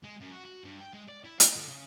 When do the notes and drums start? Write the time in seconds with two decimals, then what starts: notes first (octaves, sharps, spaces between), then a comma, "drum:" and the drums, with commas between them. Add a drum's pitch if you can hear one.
0.04 G#3
0.21 F#2
0.32 F#4
0.45 F#4
0.65 G2
0.81 G5
0.93 G#3
1.09 D5
1.25 E4
1.40 F5, drum: hi-hat
1.57 D3
1.68 C#3